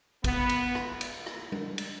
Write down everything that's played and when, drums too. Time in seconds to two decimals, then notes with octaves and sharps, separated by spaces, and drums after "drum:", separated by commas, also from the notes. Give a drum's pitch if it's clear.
0.24 B3, drum: kick, cymbal
0.49 drum: cymbal
0.75 drum: rim click
1.01 drum: cymbal
1.26 drum: rim click
1.52 drum: tom G3
1.78 drum: cymbal